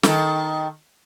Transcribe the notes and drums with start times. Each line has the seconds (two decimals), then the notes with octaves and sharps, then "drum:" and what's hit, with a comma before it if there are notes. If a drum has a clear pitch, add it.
0.03 D#3 A4, drum: snare